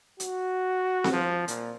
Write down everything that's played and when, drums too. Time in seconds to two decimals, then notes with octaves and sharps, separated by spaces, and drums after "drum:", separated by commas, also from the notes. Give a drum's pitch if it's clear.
0.20 F#4, drum: hi-hat
1.04 drum: snare C4
1.13 F3
1.48 A#2, drum: hi-hat